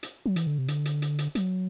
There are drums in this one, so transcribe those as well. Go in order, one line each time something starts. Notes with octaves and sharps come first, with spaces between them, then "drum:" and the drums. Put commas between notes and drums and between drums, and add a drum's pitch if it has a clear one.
drum: hi-hat
F#3
E3, drum: hi-hat
D3
C3
D3, drum: hi-hat
drum: hi-hat
drum: hi-hat
drum: hi-hat
F#3, drum: hi-hat